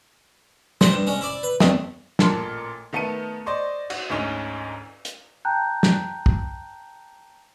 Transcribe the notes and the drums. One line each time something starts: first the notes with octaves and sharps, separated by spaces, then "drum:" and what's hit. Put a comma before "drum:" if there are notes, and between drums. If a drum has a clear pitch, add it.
C5 D#5 G5 A5, drum: snare
G2
G#3 C#4
E4 D5
B4
E2 A3 C4 D#5, drum: snare
A1 A#2 A4 A#4 C6, drum: snare
D#3 A3 B3 A5 C#7 D#7
C5 D5 D#5 C6 C#6
F#4, drum: cymbal
D2 G#2 C#4 D#4
drum: hi-hat
G5 A5 A#5 F#6 G6
drum: snare
drum: kick